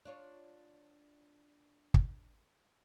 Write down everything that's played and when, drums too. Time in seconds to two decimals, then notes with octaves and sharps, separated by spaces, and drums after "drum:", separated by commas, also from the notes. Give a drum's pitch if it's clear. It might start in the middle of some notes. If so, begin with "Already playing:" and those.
0.05 D4 F4 C#5
1.94 drum: kick